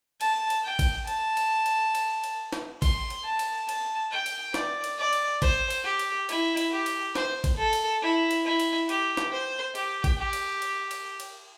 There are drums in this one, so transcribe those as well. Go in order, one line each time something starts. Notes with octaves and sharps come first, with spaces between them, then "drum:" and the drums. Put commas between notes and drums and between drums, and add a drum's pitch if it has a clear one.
A5, drum: cymbal
drum: cymbal
G5
drum: kick, cymbal
A5, drum: cymbal
drum: cymbal
drum: cymbal
drum: cymbal
drum: cymbal
drum: snare
C6, drum: kick, cymbal
drum: cymbal
A5
drum: cymbal
A5, drum: cymbal
G5
drum: cymbal
D5, drum: snare
drum: cymbal
D5
drum: cymbal
C5, drum: kick, cymbal
drum: cymbal
G4
drum: cymbal
E4, drum: cymbal
drum: cymbal
G4
drum: cymbal
C5, drum: snare
drum: kick, cymbal
A4
drum: cymbal
E4
drum: cymbal
E4
drum: cymbal
G4, drum: cymbal
drum: snare
C5
G4, drum: cymbal
drum: kick, cymbal
G4
drum: cymbal
drum: cymbal
drum: cymbal
drum: cymbal